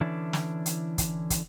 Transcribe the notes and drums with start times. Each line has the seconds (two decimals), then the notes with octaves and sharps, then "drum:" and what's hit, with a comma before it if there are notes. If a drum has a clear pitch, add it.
0.01 D3 E3 C#4 D4 E4 D5
0.33 drum: snare
0.66 drum: hi-hat
0.98 drum: kick, hi-hat
1.30 drum: kick, hi-hat